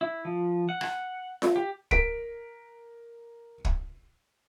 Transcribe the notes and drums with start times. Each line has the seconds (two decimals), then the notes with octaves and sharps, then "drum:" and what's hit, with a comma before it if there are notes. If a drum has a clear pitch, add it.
0.01 E4
0.25 F3
0.69 F#5
0.81 drum: rim click
1.42 drum: snare F4
1.56 G4
1.91 A#4 B6 D7, drum: kick
3.65 drum: kick